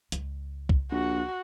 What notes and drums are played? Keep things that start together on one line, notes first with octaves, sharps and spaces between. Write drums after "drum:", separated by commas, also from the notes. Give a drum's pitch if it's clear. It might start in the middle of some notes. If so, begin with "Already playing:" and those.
C#2, drum: hi-hat
drum: kick
A#1 F#4